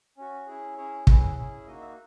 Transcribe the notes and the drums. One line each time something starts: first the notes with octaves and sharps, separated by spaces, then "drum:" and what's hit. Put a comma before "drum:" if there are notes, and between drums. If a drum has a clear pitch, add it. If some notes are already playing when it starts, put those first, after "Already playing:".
C#4 F#4
C#4 E4 G#4
C#4 E4 G#4 C#5
C#4 E4 G#4 B4, drum: kick
C#4 E4 G#4
A#3 D#4 F#4 D#5
E5